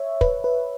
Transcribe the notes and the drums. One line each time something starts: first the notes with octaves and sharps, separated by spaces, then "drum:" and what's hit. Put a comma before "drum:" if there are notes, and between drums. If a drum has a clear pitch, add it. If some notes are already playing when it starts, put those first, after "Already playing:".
Already playing: C#5 E5
B4, drum: kick
B4